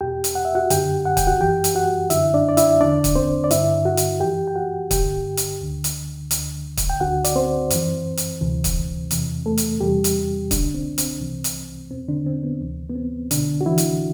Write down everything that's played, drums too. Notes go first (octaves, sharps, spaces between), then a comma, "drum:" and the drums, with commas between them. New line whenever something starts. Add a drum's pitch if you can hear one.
E2 B2 G4 G5
drum: hi-hat
F#5
E5
F#4 F#5
F#2 D3 G4 G5, drum: hi-hat
F#5
G5, drum: kick, hi-hat
F#4 F#5
F#2 E3 G4 G5
drum: hi-hat
F#4 F#5
F#2 D3 E4 E5, drum: hi-hat
D4 D5
D5
E4 E5, drum: hi-hat
E2 D3 D4 D5
drum: kick, hi-hat
C4 C5
D5
G2 D3 E4 E5, drum: hi-hat
F#4 F#5
drum: hi-hat
F#2 E3 G4 G5
G5
F#4 F#5
G2 D3 G4 G5, drum: kick, hi-hat
drum: hi-hat
D2 D3
drum: hi-hat
D2 D3, drum: hi-hat
drum: kick, hi-hat
G5
D2 D3 F#4 F#5
D5, drum: hi-hat
C4 C5
F#2 E3, drum: hi-hat
drum: hi-hat
D2 C3 E3
drum: kick, hi-hat
E2 C3 E3, drum: hi-hat
A3 A4
drum: hi-hat
E2 C3 E3 G3 G4
drum: hi-hat
C2 B2 D3 D4, drum: kick, hi-hat
C4
C4, drum: hi-hat
C2 C3 E3
drum: hi-hat
E2 B2 C4
D3 D4
C4
B3
D2 C3 E3
B3
C4
C2 B2 D3 D4, drum: hi-hat
F#4
E3 E4
drum: hi-hat